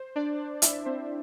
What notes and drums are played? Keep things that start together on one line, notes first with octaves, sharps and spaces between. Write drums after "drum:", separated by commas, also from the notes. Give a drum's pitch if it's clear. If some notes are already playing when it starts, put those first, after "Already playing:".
Already playing: C5
D4 D5
E4 E5, drum: hi-hat
C4 C5